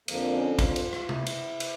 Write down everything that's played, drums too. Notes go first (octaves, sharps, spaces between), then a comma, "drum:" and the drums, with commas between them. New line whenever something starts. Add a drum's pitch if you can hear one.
F2 D3 F3 A#3, drum: cymbal
C#4
F4, drum: kick, cymbal
drum: cymbal
drum: rim click
E4, drum: tom C3
drum: cymbal
drum: cymbal